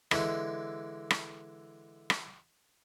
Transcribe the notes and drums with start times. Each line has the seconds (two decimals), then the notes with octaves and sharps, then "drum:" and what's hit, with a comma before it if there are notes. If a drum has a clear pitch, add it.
0.11 D3 E3 G#3, drum: rim click
1.10 drum: rim click
2.10 drum: rim click